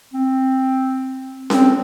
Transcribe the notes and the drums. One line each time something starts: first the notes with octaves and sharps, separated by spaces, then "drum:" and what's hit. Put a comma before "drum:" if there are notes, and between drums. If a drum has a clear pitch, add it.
C4
C4, drum: snare C#4